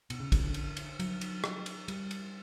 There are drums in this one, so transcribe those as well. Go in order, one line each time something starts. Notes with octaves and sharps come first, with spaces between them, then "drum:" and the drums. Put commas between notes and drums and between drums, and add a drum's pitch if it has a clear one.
B2, drum: cymbal
C#3
C#3, drum: kick, cymbal
D3
drum: cymbal
drum: cymbal
F#3, drum: cymbal
drum: cymbal
drum: rim click
drum: cymbal
G3, drum: cymbal
drum: cymbal